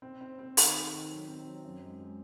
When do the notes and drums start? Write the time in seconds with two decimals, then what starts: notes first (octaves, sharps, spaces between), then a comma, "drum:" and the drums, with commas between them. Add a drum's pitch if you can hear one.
0.02 C4
0.21 C4
0.39 C4
0.57 D#3, drum: open hi-hat
0.74 A4
0.93 D#3
1.11 F#3
1.28 C4
1.46 F#3
1.64 F#2
1.83 G#3
2.00 G#3